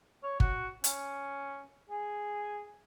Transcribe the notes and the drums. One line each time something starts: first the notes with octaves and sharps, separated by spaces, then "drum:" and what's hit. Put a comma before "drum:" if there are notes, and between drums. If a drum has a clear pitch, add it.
C#5
F#4, drum: kick G1
C#4, drum: hi-hat
G#4